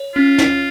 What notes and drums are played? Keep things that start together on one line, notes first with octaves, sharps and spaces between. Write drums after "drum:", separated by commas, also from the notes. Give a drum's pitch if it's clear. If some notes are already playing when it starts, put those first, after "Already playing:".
Already playing: C#5
C#4 F4
drum: snare